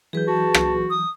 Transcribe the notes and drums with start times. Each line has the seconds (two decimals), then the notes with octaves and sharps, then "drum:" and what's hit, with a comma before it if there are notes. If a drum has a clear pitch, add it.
0.13 E3 F#3 G#4 B4 G6
0.28 F#4 A5
0.54 drum: rim click
0.90 D#6